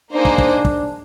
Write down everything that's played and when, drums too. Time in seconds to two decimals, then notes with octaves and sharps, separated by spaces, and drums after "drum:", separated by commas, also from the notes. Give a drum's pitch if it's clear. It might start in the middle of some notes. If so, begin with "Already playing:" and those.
0.12 A#3 D4 D#4 G#4 C5
0.25 drum: kick
0.38 drum: kick
0.65 drum: kick